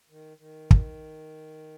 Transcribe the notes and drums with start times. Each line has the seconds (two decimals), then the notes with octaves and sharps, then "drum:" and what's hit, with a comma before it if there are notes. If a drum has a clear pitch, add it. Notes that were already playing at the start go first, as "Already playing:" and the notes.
0.10 D#3
0.37 D#3
0.71 drum: kick